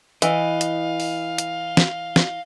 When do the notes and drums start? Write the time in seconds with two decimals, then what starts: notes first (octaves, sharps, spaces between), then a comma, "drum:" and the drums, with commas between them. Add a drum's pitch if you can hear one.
0.22 E3 D#5 F5, drum: hi-hat
0.61 drum: hi-hat
1.00 drum: open hi-hat
1.38 drum: hi-hat
1.77 drum: snare
2.16 drum: snare